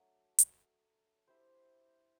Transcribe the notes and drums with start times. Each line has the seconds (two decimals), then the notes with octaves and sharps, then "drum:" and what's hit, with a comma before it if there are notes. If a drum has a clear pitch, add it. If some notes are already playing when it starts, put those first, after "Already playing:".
Already playing: F#3 A3 D4
0.39 drum: hi-hat
1.28 E4 G4 C5